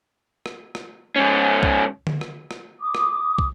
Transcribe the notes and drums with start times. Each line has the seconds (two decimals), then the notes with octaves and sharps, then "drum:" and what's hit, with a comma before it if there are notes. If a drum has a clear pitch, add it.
0.46 drum: rim click
0.75 drum: rim click
1.16 G#2 C#4
1.63 drum: kick
2.07 drum: tom
2.21 drum: rim click
2.51 drum: rim click
2.80 D6 D#6
2.95 drum: rim click
3.38 drum: kick